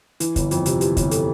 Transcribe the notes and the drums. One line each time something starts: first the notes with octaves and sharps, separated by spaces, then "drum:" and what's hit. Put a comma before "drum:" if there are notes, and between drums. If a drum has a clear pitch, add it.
E3 E4, drum: hi-hat
G1, drum: kick, hi-hat
F2 F4, drum: hi-hat
C3, drum: hi-hat
F4
E3 G4, drum: hi-hat
G1, drum: kick, hi-hat
A4, drum: hi-hat